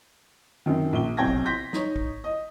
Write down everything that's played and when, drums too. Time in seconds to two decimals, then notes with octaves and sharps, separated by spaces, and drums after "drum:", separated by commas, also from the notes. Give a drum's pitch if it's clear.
0.66 F#2 C3 D#3
0.93 A#1 G7
1.17 B1 C3 C4 G5 G#6 A#6
1.28 drum: kick
1.45 C6 G6 A#6 B6
1.73 D#4 C#5, drum: snare
1.96 drum: kick
2.24 D#5